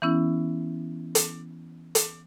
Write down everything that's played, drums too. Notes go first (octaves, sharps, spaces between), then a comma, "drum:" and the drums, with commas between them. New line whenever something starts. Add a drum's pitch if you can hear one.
E3 B3 C#4 E4
drum: hi-hat
drum: hi-hat